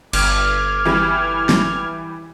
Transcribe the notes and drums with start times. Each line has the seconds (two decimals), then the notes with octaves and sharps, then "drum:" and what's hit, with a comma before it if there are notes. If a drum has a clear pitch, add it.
0.13 G1 D6 F6 G#6, drum: cymbal
0.85 E3 G3
1.49 drum: snare